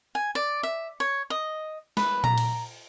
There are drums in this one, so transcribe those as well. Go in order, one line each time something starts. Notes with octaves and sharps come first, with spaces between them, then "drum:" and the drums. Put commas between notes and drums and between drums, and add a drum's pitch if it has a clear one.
G#5
D5
E5
C#5
D#5
B4, drum: snare
A#5, drum: tom A#2
drum: cymbal